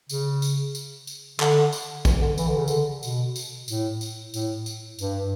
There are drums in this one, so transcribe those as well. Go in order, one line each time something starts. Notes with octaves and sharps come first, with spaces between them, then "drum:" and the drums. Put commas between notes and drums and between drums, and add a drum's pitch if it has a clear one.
C#3, drum: tambourine
drum: tambourine
drum: tambourine
drum: tambourine
D3, drum: clap
drum: tambourine
E3, drum: kick, tambourine
D3
E3, drum: tambourine
D3
C#3
D3, drum: tambourine
B2, drum: tambourine
drum: tambourine
A2, drum: tambourine
drum: tambourine
A2, drum: tambourine
drum: tambourine
G2, drum: tambourine